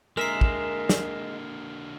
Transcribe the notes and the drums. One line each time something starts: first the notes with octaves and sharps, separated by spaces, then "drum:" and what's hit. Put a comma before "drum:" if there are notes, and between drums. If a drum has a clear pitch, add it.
D3 G#3 A#3 A#4 E5 F6 C7
drum: kick
drum: snare